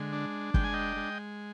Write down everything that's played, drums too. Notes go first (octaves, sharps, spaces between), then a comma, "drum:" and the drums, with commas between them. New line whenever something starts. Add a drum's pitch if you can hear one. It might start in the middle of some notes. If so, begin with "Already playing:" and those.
Already playing: D3 G#3
D4
G#3 G5, drum: kick
G#5
D#5 G5
G#3